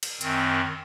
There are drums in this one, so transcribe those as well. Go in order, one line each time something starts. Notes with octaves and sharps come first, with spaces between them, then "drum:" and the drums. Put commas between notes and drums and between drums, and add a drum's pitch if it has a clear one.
drum: cymbal
F#2 D#3 C4, drum: hi-hat